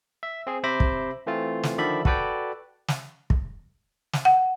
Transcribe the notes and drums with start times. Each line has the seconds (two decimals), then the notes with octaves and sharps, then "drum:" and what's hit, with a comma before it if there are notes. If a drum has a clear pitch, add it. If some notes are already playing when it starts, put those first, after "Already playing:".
0.23 E5
0.47 C4 G#4
0.64 C3 C5 E5 B5 D6 A#6
0.80 drum: kick
1.27 E3 A3 C4 F4
1.63 drum: snare
1.78 D3 D#3 F3 D5 E5 B5
2.05 F#4 A4 B4 D5 G5, drum: kick
2.88 drum: snare
3.30 drum: kick
4.13 drum: snare
4.25 F#5